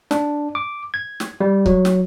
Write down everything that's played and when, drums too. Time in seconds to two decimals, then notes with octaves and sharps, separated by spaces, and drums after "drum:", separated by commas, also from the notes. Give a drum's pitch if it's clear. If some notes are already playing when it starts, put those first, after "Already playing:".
0.11 D4, drum: snare
0.55 D6
0.94 G#6
1.20 drum: snare
1.41 G3
1.66 F#3, drum: kick C#1
1.85 drum: snare